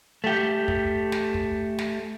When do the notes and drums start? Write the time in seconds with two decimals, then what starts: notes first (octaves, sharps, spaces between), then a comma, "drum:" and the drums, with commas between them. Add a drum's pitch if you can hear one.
0.24 A3 G4
0.68 drum: kick
1.12 drum: snare
1.34 drum: kick
1.78 drum: snare